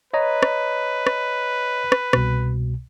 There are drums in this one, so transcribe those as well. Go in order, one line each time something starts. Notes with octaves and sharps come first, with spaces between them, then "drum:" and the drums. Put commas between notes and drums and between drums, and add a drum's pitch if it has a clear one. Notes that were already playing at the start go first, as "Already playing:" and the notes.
B4 C#5 D#5 A#5
drum: rim click
drum: rim click
drum: rim click
C2 B2, drum: rim click